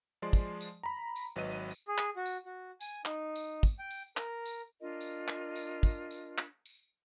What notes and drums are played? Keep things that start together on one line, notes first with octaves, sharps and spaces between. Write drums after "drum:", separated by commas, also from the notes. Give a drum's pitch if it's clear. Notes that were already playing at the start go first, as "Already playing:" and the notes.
F3 G#3 D5 C6
drum: kick, tambourine
drum: tambourine
A#5 B5
drum: tambourine
G#1 F#3 B4 D#5 D#7
drum: tambourine
G#4
drum: clap
F#4
drum: tambourine
F#4
G#5, drum: tambourine
D#4, drum: clap
drum: tambourine
drum: kick, tambourine
G5
drum: tambourine
A#4, drum: clap
drum: tambourine
D4 F4 A#4 D#5
drum: tambourine
drum: clap
drum: tambourine
drum: kick, tambourine
drum: tambourine
drum: clap
drum: tambourine